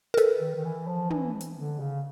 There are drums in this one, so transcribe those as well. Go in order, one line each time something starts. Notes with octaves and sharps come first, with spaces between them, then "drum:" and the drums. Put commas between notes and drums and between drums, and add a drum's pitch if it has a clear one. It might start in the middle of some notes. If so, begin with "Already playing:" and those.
A#4
A4 B4, drum: hi-hat
D#3
D#3
E3
F3
E3, drum: tom
drum: hi-hat
D3
C#3